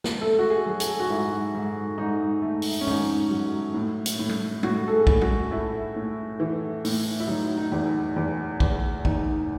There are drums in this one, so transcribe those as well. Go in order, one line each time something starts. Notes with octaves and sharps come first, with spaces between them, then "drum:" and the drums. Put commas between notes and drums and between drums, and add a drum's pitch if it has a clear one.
drum: snare
A3 A4
F#4
G#4
F#3
G#4, drum: hi-hat
F#4
G#2 E4
G#2
G#2 D#4
A3
drum: open hi-hat
C#4
G#2 D#4, drum: tom G2
F#3
A2
drum: hi-hat
A2
drum: tom G3
A2 F#4, drum: tom G3
A4
G#4
A2, drum: kick
F#4, drum: tom G3
A3 E4
A2
E3
A2, drum: open hi-hat
E4
F#3 D#4
D#4
E2
E2
E2, drum: kick
E2 D#4, drum: kick